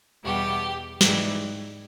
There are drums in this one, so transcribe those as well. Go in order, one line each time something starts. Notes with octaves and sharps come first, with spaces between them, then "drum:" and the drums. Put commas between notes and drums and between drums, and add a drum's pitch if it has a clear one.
E2 B2 G3 B3 G4
G#2 E3 G3, drum: snare